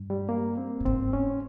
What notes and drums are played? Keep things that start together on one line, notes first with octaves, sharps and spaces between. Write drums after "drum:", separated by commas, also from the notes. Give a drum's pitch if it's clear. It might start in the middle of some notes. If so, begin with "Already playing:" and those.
Already playing: G2
G3
A#3
C4
A#2
G#2 C4, drum: kick F1
C#4